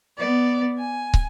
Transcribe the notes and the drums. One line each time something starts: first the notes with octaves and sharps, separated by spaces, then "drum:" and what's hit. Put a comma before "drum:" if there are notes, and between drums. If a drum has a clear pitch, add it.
B3 D5
G#5
drum: kick